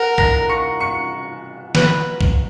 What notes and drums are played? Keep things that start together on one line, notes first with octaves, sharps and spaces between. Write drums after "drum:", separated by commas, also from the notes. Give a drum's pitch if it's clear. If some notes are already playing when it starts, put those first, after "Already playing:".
Already playing: A#4 F#5
A#5 A#6, drum: kick A#1
C#6 C#7
C#6 C#7
B4, drum: snare
drum: kick A#1